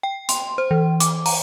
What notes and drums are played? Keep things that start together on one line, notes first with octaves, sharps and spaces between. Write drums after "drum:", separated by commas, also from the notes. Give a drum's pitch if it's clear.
G5
C6, drum: hi-hat
C5
E3
D6, drum: hi-hat
A#5, drum: open hi-hat